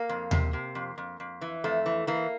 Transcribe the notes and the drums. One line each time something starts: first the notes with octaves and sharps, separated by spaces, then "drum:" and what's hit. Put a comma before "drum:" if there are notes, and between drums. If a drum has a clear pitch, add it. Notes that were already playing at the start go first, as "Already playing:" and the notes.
Already playing: A#3
F2
C3, drum: tom D#2
C3
F2
F2
F2
E3
F2 A3
E3
E3 A#3